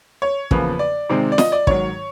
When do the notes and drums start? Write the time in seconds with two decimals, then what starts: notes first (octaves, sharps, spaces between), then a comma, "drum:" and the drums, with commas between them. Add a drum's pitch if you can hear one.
0.22 C#5
0.51 E2 C#3 F3 A#3 B4, drum: kick
0.79 D5
1.09 C3 D#3 G#3 C4
1.32 D5
1.38 D#5, drum: snare
1.52 D5
1.67 G#2 D#3 F#3 C#5, drum: kick